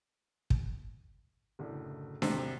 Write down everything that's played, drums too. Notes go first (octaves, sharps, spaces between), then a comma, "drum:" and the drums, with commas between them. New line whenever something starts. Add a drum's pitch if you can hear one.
drum: kick
F#1 A2 D3
G#1 E2 C3, drum: snare D4